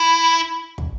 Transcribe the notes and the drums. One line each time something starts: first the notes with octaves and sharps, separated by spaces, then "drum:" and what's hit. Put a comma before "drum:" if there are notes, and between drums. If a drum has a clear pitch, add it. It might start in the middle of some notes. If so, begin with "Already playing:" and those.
Already playing: E4
drum: kick